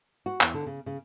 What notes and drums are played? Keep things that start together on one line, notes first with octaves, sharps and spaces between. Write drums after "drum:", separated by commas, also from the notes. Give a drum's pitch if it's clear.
F#4
E2, drum: clap
D3
C#3
C#3